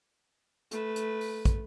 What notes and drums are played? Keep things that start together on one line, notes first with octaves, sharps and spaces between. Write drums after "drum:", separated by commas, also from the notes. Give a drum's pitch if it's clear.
A3 B4, drum: hi-hat
drum: hi-hat
drum: open hi-hat
drum: kick, hi-hat